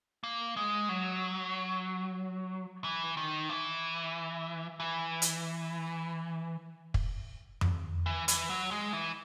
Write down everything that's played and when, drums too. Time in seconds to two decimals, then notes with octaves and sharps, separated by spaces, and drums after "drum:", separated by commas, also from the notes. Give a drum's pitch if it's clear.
0.24 A#3
0.57 G#3
0.89 F#3
2.84 E3
3.17 D#3
3.49 E3
4.80 E3
5.22 drum: hi-hat
6.94 drum: kick
7.61 drum: tom F2
8.06 E3
8.28 E3, drum: hi-hat
8.50 F#3
8.71 G#3
8.93 E3